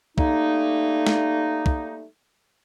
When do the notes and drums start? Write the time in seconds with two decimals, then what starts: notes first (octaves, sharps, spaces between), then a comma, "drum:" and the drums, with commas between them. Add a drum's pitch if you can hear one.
0.18 G3 A3 A#3 D#4, drum: kick
1.07 drum: snare
1.66 drum: kick